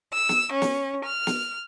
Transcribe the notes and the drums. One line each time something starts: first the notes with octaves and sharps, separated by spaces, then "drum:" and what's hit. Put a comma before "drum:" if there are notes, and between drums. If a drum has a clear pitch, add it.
E6
drum: snare
C#4
drum: snare
F6
drum: snare